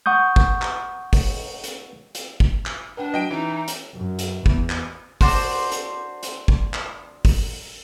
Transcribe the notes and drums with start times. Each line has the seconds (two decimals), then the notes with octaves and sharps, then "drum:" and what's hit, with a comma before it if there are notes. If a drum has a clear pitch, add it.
0.06 F#5 C#6 D#6 G6
0.36 drum: kick
0.62 drum: clap
1.13 drum: kick, open hi-hat
1.64 drum: hi-hat
2.15 drum: hi-hat
2.40 drum: kick
2.66 drum: clap
2.97 D4 B4 F#5 G5
3.14 F#3 D#5 G5 D7
3.31 E3 C#4 D#4
3.50 A#5
3.68 drum: hi-hat
3.95 F#2
4.19 drum: hi-hat
4.46 E2, drum: kick
4.70 drum: clap
5.21 D4 F#4 C5, drum: kick, open hi-hat
5.72 drum: hi-hat
6.23 drum: hi-hat
6.48 drum: kick
6.74 drum: clap
7.25 drum: kick, open hi-hat